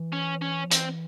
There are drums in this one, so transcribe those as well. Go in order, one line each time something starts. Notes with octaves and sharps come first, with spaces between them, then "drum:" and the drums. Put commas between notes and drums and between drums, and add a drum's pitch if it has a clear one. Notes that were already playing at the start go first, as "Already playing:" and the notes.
Already playing: E3
C#4
C#4
F3
E3 C4, drum: hi-hat